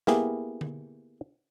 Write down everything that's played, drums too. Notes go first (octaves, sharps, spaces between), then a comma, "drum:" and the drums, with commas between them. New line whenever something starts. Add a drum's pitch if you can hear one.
A#3 B3 E4 G4 G#4, drum: snare
drum: tom D3